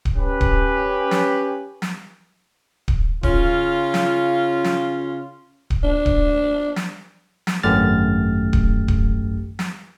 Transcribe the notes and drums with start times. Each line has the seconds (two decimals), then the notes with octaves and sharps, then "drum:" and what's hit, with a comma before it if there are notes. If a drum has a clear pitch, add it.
0.05 drum: kick D1
0.16 C#4 G4 B4
0.41 drum: kick D1
1.11 drum: snare
1.82 drum: snare
2.88 drum: kick D1
3.23 C#3 C#4 F4, drum: kick D1
3.94 drum: snare
4.64 drum: snare
5.70 drum: kick D1
5.84 D4
6.06 drum: kick D1
6.76 drum: snare
7.47 drum: snare
7.63 G#1 F#2 A3 G4 F6 A6
8.53 drum: kick D1
8.88 drum: kick D1
9.59 drum: snare